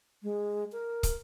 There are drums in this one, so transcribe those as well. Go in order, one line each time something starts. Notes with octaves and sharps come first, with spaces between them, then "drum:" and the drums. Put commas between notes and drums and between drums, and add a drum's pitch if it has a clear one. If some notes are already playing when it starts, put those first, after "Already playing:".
G#3
A#4
drum: kick, hi-hat